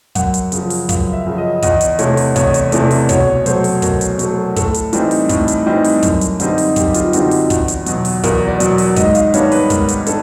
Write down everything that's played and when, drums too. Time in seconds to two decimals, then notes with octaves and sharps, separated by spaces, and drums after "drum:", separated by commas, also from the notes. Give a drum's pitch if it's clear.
0.15 F#2 F#5, drum: kick, hi-hat
0.34 drum: hi-hat
0.52 C#3 F3, drum: hi-hat
0.70 drum: open hi-hat
0.89 F#2 F5, drum: kick, hi-hat
1.13 E5
1.26 C#3 F3
1.38 D#5
1.62 E2 D#5, drum: kick, hi-hat
1.81 drum: hi-hat
1.99 C3 E3 A3 C#5, drum: hi-hat
2.17 drum: open hi-hat
2.36 E2 C#5, drum: kick, hi-hat
2.54 drum: hi-hat
2.72 C3 E3 A3 D5, drum: hi-hat
2.91 drum: open hi-hat
3.09 B2 C#5, drum: kick, hi-hat
3.46 F#3 A3 C5, drum: hi-hat
3.64 drum: open hi-hat
3.82 B2 A#4, drum: kick, hi-hat
4.01 drum: hi-hat
4.19 F#3 A3, drum: hi-hat
4.56 A2 A4, drum: kick, hi-hat
4.74 drum: hi-hat
4.93 E3 G3 C4 D#4, drum: hi-hat
5.11 drum: open hi-hat
5.29 A2, drum: kick, hi-hat
5.48 drum: hi-hat
5.66 E3 G3 C4 D#4
5.85 drum: open hi-hat
6.03 F#2, drum: kick, hi-hat
6.21 drum: hi-hat
6.40 D3 G3 C4 D#4, drum: hi-hat
6.58 drum: open hi-hat
6.76 F#2 G4, drum: kick, hi-hat
6.94 F4, drum: hi-hat
7.13 D3 G3 C4 D#4 F#4, drum: hi-hat
7.31 drum: open hi-hat
7.50 E2, drum: kick, hi-hat
7.68 drum: hi-hat
7.86 B2 F#3, drum: hi-hat
8.05 drum: open hi-hat
8.23 E2 A#4, drum: kick, hi-hat
8.48 D5
8.60 B2 F#3, drum: hi-hat
8.78 drum: open hi-hat
8.96 G#2 D#5, drum: kick, hi-hat
9.15 F5, drum: hi-hat
9.34 D#3 G3 B3 D4 C#5, drum: hi-hat
9.52 B4, drum: open hi-hat
9.70 G#2 A#4, drum: kick, hi-hat
9.88 drum: hi-hat
10.06 D4 A4, drum: hi-hat